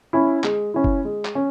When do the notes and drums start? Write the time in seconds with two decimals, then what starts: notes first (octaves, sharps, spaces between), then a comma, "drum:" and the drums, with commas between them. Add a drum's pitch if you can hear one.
0.13 C#4 E4
0.44 G#3, drum: clap
0.74 C#4 E4
0.84 drum: kick F#1
1.05 G#3
1.25 drum: clap
1.35 C#4